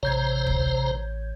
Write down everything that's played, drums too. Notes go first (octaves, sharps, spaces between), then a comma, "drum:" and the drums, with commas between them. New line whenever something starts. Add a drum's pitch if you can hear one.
A1 C3 C5 C#5 A#5 G6 G#6
drum: kick